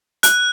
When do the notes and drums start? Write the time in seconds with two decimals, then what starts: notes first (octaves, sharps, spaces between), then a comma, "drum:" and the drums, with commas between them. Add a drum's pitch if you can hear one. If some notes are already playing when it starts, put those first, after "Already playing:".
0.23 F#6, drum: hi-hat